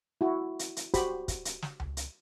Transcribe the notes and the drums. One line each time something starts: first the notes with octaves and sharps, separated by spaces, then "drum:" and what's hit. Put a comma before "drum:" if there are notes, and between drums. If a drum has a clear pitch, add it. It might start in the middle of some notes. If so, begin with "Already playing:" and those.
E4 F#4
drum: hi-hat
drum: hi-hat
F#4 G4 C5 B5, drum: kick, hi-hat
drum: kick, hi-hat
drum: hi-hat
drum: snare
drum: tom C#2
drum: hi-hat